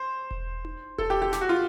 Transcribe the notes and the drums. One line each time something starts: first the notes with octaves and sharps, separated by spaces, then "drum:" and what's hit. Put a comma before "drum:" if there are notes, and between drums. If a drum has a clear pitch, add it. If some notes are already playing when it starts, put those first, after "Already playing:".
Already playing: C5
drum: kick E1
drum: tom D#4
A4, drum: kick E1
G4
G4
G4, drum: snare
F#4
F4